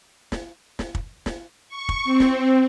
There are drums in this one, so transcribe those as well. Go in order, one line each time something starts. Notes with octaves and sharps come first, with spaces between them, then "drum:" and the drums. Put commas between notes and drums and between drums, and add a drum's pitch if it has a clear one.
drum: snare
drum: snare
drum: kick
drum: snare
C#6
drum: kick
C4
drum: snare